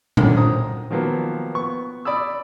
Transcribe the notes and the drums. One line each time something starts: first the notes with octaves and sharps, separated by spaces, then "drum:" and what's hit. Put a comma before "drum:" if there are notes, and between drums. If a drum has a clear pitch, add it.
D3 D#3 C#4, drum: tom A#2
C5 A#5 D#6
D#3 F3 F#3 A#3 B3
B3 C#6
D5 B5 D#6 E6